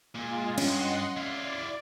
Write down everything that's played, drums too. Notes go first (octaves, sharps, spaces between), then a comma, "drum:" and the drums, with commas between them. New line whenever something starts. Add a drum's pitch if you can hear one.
A#2 G#3 F4
G2 C#4 D#5 F#5 C6, drum: cymbal
E4 D5 F5